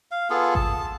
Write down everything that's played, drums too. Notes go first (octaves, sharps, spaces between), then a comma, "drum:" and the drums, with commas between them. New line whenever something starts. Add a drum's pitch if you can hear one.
F5
B3 F4 G#4 A4
A5, drum: kick G#1